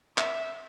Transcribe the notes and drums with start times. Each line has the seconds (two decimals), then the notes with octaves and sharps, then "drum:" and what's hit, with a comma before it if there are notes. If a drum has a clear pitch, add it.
0.18 E5, drum: clap